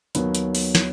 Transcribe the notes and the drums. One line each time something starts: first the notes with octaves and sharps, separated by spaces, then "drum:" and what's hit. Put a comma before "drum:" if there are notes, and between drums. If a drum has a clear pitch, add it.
D#2 D#3 F#3 B3, drum: hi-hat
drum: hi-hat
drum: open hi-hat
drum: snare